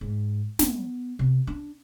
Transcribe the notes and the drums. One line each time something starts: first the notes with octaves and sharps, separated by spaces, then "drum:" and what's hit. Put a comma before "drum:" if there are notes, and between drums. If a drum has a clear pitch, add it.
G#2
B3, drum: snare
C3
D4